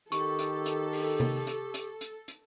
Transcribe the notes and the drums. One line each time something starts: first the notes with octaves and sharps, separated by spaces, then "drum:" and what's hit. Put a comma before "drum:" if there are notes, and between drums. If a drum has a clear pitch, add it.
D#3 G4 A4 C#6, drum: hi-hat
drum: hi-hat
drum: hi-hat
drum: open hi-hat
drum: tom C3
drum: hi-hat
drum: hi-hat
drum: hi-hat
drum: hi-hat